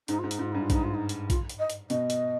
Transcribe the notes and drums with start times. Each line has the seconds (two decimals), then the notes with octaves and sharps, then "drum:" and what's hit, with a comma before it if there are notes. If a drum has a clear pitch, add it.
0.08 G#2 D#4, drum: hi-hat
0.19 G#2 F4
0.31 D#4, drum: hi-hat
0.39 G#2 F4
0.52 G2 D#4
0.62 F4
0.70 G#2 D#4, drum: kick A#1, hi-hat
0.84 F4
0.94 D#4
1.09 drum: hi-hat
1.30 F4, drum: kick A#1, hi-hat
1.49 drum: hi-hat
1.59 D#5
1.70 drum: hi-hat
1.90 B2 D#5, drum: hi-hat
2.10 drum: hi-hat